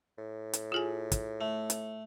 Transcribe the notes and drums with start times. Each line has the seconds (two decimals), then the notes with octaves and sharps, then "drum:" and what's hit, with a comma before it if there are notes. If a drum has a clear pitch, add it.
0.18 A2
0.53 drum: hi-hat
0.72 F4 G#4 G#5
1.12 drum: kick, hi-hat
1.41 A3
1.70 drum: hi-hat